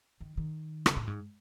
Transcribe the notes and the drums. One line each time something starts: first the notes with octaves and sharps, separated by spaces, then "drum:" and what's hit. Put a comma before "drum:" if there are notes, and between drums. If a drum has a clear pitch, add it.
D#3
D#3
C#3, drum: rim click
A2
G#2